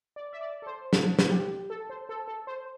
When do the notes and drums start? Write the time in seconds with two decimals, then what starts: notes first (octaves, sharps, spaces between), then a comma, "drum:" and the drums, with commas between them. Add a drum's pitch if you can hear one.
0.16 D5
0.33 E5
0.41 D5
0.62 A4
0.67 C5
0.93 A4, drum: snare
1.19 drum: snare
1.31 G4
1.70 A4
1.90 C5
2.09 A4
2.28 A4
2.47 C5